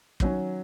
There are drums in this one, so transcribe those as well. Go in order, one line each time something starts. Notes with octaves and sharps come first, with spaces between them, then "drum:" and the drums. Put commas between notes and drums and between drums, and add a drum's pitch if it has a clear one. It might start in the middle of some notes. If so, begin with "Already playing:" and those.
D#3 F#3 C#4, drum: kick